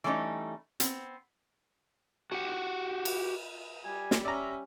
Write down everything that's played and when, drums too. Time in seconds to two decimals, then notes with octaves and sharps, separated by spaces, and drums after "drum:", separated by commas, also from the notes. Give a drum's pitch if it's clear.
0.04 E3 G3 A3 C#4 D#4
0.80 B3 C4, drum: hi-hat
2.32 F#4 G4 F#5
3.05 drum: cymbal
3.85 G3 G#5
4.11 drum: snare
4.25 C#4 D5 E5 A#5